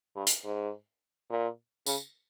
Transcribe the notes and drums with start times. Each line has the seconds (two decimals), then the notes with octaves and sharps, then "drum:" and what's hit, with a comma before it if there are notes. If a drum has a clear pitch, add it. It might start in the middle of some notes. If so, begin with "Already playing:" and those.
0.16 G2
0.27 drum: hi-hat
0.44 G#2
1.30 A#2
1.86 C#3, drum: tambourine